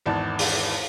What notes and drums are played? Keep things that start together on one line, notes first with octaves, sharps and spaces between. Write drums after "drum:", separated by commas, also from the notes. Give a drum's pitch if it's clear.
G#1 E2 D5 A5
drum: open hi-hat